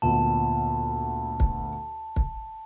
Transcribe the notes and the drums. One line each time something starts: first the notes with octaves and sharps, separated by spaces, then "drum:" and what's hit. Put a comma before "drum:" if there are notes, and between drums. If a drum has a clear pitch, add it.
D2 A#2 B3 A5
drum: kick
drum: kick